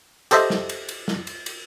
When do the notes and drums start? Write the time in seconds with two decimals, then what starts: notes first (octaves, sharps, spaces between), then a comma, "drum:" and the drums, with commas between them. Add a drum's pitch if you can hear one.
0.31 G4 A4 C5 D#5 E5, drum: cymbal
0.50 drum: snare
0.69 drum: cymbal
0.89 drum: cymbal
1.08 drum: snare
1.27 drum: cymbal
1.46 drum: cymbal